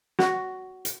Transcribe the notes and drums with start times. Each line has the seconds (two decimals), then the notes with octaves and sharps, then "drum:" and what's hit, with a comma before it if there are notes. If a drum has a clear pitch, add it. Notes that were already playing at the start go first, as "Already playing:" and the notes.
0.19 F#4, drum: snare
0.85 drum: hi-hat